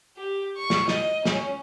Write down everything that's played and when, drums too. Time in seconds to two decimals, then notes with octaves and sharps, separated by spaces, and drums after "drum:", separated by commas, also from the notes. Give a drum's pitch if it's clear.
0.17 G4
0.57 C#6
0.70 drum: snare
0.88 D#5, drum: snare
1.25 C#4, drum: snare